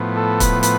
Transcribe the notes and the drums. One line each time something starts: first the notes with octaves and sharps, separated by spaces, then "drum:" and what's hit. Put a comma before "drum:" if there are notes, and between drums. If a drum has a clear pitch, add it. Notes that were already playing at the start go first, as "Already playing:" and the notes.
Already playing: A2 F3 B3
A4
B4, drum: kick, hi-hat
B4, drum: hi-hat